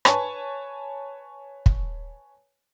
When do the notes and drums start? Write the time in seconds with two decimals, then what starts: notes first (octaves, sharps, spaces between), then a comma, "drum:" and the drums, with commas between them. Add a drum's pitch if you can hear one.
0.05 B4 C#5 G#5 A5 C#6, drum: rim click
1.66 drum: kick